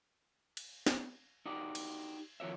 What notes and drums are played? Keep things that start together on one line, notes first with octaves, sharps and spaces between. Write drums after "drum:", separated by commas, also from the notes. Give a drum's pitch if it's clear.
drum: cymbal
drum: snare
D#4 F#4 G4 D5
drum: cymbal
D#3 F3 F#4 C#5 E5